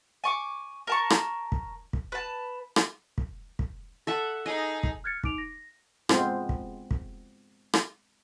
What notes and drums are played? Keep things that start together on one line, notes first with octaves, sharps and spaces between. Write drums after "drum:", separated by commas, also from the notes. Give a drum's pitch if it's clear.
G#5 C#6 D6
A#4 A5 C#6
drum: rim click
drum: kick
drum: kick
B4 A5
drum: rim click
drum: kick
drum: kick
A4 E5 F#5
D#4 G#4 D#5
drum: kick
F6 F#6 G#6 A6 C#7
D#4 D6 D7 F7, drum: kick
A#6
G#3 B3 C4 F4, drum: rim click
drum: kick
drum: kick
drum: rim click